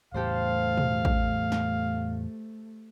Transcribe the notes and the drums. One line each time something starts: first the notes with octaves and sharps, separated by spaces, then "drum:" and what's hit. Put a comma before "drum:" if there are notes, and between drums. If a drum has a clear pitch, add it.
E2 A2 A3 G4 A4 C5 F5
drum: tom B2
drum: kick A1
drum: snare